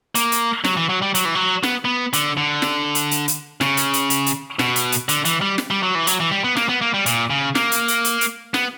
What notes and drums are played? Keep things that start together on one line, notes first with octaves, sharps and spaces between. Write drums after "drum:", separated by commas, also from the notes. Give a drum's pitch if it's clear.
A#3, drum: hi-hat
drum: hi-hat
F#3, drum: snare
E3
F#3
G3
F#3, drum: hi-hat
E3
F#3
B3, drum: snare
B3
D3, drum: hi-hat
D3
drum: snare
drum: hi-hat
drum: hi-hat
drum: hi-hat
C#3, drum: snare
drum: hi-hat
drum: hi-hat
drum: hi-hat
drum: hi-hat
B2, drum: snare
drum: hi-hat
drum: hi-hat
D3, drum: hi-hat
E3, drum: hi-hat
G3
drum: snare
G3
F#3
E3
F#3, drum: hi-hat
E3
G3
B3
A#3, drum: snare
B3
A#3
G3
A#2, drum: hi-hat
C#3
A#3, drum: snare
drum: hi-hat
drum: hi-hat
drum: hi-hat
drum: hi-hat
B3, drum: snare